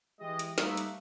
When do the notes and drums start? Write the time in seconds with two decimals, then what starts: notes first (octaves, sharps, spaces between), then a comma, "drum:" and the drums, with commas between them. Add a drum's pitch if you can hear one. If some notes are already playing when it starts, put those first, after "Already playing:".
0.20 E3 G#3 E4 G4 D#5
0.39 drum: hi-hat
0.58 G3 A3 A#3 D#4 B4 E5, drum: snare
0.77 drum: hi-hat